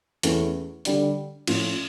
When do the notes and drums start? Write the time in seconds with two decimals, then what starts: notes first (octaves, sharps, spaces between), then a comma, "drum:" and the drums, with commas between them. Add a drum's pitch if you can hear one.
0.23 E2 E3 A3 C#4, drum: hi-hat
0.85 D3 G3 D4, drum: hi-hat
1.47 A2 F3 C#4 F4, drum: cymbal